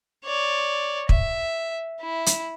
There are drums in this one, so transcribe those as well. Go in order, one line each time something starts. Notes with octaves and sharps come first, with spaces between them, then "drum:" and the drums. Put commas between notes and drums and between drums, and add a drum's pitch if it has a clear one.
C#5 D5
E5, drum: kick
E4
drum: hi-hat